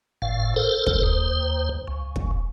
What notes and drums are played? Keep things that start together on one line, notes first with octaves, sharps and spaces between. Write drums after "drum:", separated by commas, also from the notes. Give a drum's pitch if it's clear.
G1 A2 F5
A4 A#4 C5
drum: kick
D#2 C5
C#2
drum: kick